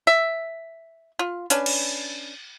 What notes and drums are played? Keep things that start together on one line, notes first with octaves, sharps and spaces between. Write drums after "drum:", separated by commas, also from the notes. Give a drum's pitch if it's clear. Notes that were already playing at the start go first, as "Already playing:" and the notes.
E5
F4
C#4 D4 B4, drum: hi-hat
drum: cymbal